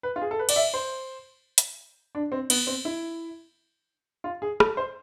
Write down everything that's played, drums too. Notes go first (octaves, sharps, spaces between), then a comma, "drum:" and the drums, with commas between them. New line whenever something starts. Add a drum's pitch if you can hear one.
B4
F4
G#4
A4
B4
D5, drum: cymbal
E5
C5
drum: hi-hat
D4
C4
B3, drum: cymbal
C4
E4
F4
G#4
A4, drum: rim click
C5